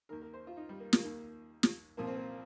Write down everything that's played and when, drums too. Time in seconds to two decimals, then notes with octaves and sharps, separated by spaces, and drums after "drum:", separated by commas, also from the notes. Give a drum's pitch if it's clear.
0.09 D#2 D#3 A#4
0.22 A#4
0.34 C5
0.47 F4
0.57 D#4
0.69 G3
0.80 A#3
0.93 A#3, drum: snare
1.03 D#2 D#3
1.63 drum: snare
1.97 C2 A#2 F3 A#3
2.07 C4
2.17 A#3